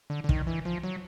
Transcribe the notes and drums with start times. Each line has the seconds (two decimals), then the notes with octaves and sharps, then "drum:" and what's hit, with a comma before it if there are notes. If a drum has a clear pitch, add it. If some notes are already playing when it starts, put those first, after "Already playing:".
0.10 D3
0.24 D3
0.29 D#3, drum: kick
0.47 E3
0.65 F3
0.83 F#3